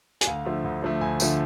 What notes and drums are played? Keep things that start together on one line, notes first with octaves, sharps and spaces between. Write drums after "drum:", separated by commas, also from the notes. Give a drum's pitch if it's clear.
G#5, drum: hi-hat
D2 F5
D3 F3 A3
D2
D3 F3 A3
D2 G#5
D3 F3 A3, drum: tambourine